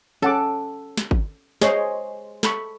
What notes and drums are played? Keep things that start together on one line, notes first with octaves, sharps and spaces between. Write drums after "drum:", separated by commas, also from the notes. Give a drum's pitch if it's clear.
C#4 A4 F#5 D6
drum: snare
drum: kick G#1
G#3 G#4 C5 C#5, drum: snare
A4 B5 C#6, drum: snare